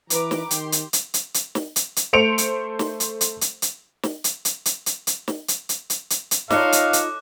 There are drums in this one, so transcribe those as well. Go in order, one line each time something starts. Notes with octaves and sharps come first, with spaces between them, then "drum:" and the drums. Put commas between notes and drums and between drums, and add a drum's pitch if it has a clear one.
E3 B4 A#5 D6, drum: hi-hat
drum: snare
D#3 G4 C6, drum: hi-hat
drum: hi-hat
drum: hi-hat
drum: hi-hat
drum: hi-hat
drum: snare
drum: hi-hat
drum: hi-hat
A3 C5 C#7 D7 F7
drum: hi-hat
drum: snare
drum: hi-hat
drum: hi-hat
drum: hi-hat
drum: hi-hat
drum: snare
drum: hi-hat
drum: hi-hat
drum: hi-hat
drum: hi-hat
drum: hi-hat
drum: snare
drum: hi-hat
drum: hi-hat
drum: hi-hat
drum: hi-hat
drum: hi-hat
D#4 F4 A4 C#5 D#5 F5 D6 F#6, drum: snare
drum: hi-hat
drum: hi-hat